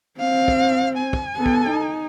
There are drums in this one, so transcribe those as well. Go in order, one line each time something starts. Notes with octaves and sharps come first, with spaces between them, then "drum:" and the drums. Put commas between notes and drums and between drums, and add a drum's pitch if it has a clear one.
C4 F5
drum: kick
G#5
drum: kick
B3 A4
drum: kick
D#4